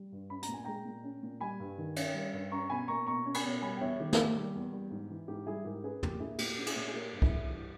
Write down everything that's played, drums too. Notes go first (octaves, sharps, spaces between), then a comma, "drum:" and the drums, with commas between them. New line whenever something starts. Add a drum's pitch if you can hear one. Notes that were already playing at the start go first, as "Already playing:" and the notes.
Already playing: G3
G2
C#4 B5
A#5, drum: hi-hat
A#2
G#5
G#3 G5 A#5
A#2
C#4
A#2
G3 G#5 B5
G2
D#3
C#4, drum: cymbal
G3
G2
C#4 A#5 C#6
B2 G#5 B5
A#3 A#5 C#6
B2 A#5 C#6
C#4
G#5 B5, drum: cymbal
B2
G3 G#5 B5
G5
E2 C#5 E5
D#3 G4
G#4, drum: snare
A#3 G4
G3
E2
G3
G#2
E3
G#2 G4
G3 E4 G#4
G#2 G4 A#4
C#4 G#4 B4
A#2 G4 A#4, drum: tom
A#3 E4 G#4
A#2 G4, drum: cymbal
C#4 G4
E4 G#4, drum: cymbal
A#2
G#4
A#3 G4 A#4
G2
E4 G#4, drum: kick C2
E3
G2 G4